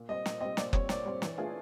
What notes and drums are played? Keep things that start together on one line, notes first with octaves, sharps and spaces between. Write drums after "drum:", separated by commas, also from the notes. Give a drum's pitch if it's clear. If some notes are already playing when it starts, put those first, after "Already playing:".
Already playing: A#2
G3 C4 D#5
A#2, drum: snare
G3 C4 D#5
A#2 D5, drum: snare
G3 C4 C#5, drum: kick F#1
A#2 D5, drum: snare
G3 C4
E3, drum: snare
A3 D4 F4 G#4